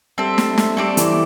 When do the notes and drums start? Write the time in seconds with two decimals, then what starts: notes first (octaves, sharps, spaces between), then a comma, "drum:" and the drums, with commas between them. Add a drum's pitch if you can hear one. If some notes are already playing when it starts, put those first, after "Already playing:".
0.18 G3 C4 A4 E5
0.38 drum: snare
0.58 drum: snare
0.77 G3 A3 C4 A4 D5
0.97 E3, drum: hi-hat